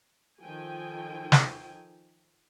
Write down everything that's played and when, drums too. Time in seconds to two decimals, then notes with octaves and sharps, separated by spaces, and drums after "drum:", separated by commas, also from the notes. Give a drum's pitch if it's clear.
0.42 D#3 F3 A4 G5 G#5
1.32 drum: snare